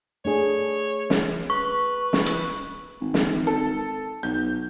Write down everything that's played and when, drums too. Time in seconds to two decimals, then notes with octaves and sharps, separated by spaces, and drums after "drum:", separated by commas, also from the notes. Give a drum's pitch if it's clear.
0.25 A3 D4 G#4 C#5
1.10 drum: snare
1.50 B4 C#6
2.13 drum: snare
2.26 drum: hi-hat
3.01 G#1
3.14 drum: snare
3.47 A4
4.23 B1 G6